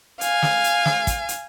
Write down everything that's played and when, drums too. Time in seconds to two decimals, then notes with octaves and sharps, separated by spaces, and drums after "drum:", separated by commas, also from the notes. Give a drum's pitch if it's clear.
0.21 F5 G#5, drum: hi-hat
0.42 drum: snare
0.64 drum: hi-hat
0.86 drum: snare
1.07 drum: kick, hi-hat
1.29 drum: hi-hat